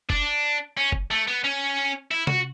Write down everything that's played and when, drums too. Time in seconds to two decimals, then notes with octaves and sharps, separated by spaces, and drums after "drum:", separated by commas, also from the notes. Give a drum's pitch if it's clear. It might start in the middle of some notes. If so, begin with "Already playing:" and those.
0.10 D4, drum: kick
0.77 C#4
0.92 drum: kick
1.11 A3
1.27 B3
1.44 C#4
2.11 E4
2.27 F#4, drum: tom C3